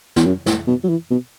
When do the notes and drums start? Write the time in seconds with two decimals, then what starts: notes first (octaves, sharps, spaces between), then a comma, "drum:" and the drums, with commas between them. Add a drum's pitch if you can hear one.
0.16 E2, drum: snare
0.26 F#2
0.46 A2, drum: snare
0.67 B2
0.84 F#3
0.89 E3
1.10 B2